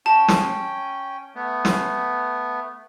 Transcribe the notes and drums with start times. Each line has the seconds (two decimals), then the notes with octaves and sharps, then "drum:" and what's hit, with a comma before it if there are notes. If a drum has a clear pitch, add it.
0.06 C#4 G5 A5
0.28 drum: snare
1.35 A3 B3
1.65 drum: snare